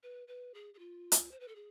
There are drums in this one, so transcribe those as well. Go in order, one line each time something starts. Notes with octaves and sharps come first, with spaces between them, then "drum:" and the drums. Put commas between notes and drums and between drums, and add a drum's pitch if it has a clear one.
B4
B4
G#4
G#4
F4
drum: hi-hat
C5
B4
A4
G#4